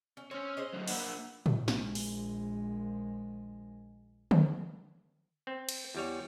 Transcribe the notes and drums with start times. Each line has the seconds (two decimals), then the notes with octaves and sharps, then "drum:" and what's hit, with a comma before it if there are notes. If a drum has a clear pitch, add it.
0.17 C#4
0.31 C4 C#4 C#5
0.57 G#4 C5 D#5
0.73 D3 F#3
0.88 A#3 D4 F#4 B4 E5, drum: open hi-hat
1.46 drum: tom A2
1.68 A#1 G#3, drum: snare
1.95 drum: open hi-hat
4.31 drum: tom D3
5.47 C4
5.69 drum: cymbal
5.95 E2 G3 C#5